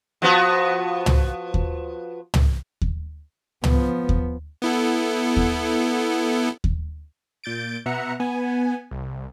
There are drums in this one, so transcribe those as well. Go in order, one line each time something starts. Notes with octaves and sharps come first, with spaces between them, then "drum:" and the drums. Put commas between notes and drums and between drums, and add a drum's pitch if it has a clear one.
F3 B3 F#4
drum: tom
drum: kick D#2
drum: tom
drum: kick D#2
F3 B3, drum: tom
drum: kick D#2
B3 E4 A4
drum: kick D#2
drum: kick D#2
A#2 G6 A6 D7
B2 B3 E5 F#5 A#5 C#7
B3 G#5
C2